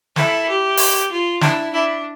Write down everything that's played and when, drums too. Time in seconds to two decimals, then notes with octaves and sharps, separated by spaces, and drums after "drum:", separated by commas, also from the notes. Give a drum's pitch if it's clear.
0.16 E4 A4, drum: snare
0.48 G4
0.77 drum: open hi-hat
1.11 F4
1.41 D4 E4, drum: snare
1.73 D4 E4